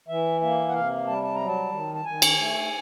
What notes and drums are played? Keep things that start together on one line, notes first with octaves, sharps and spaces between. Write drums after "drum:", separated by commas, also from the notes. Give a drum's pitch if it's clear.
E3 E5
A#3 E5
F#5
C3 F5
G3 A5
A5
A#5
F#3
A5
D#3
A5
D#3 G#5
drum: cymbal
A3